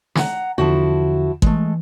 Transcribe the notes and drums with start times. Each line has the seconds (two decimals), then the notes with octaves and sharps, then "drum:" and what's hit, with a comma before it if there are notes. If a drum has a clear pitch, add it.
0.15 F#5 A#5, drum: snare
0.58 E2 D3 F3 E4 F#4
1.42 E3 G#3 A3, drum: kick